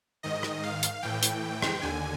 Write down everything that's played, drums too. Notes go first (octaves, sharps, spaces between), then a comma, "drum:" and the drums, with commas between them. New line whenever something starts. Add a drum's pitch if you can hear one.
G#2 D#3 D#5
drum: rim click
F5
drum: hi-hat
A2 E3 G5
drum: hi-hat
drum: rim click
D#2 D3 G#5